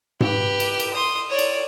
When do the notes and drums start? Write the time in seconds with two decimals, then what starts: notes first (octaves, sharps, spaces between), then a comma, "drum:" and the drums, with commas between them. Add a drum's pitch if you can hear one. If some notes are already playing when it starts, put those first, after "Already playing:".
0.20 G4 B4, drum: tom G#2
0.60 drum: cymbal
0.79 drum: cymbal
0.93 C6 D#6
1.29 C#5 D5
1.38 drum: cymbal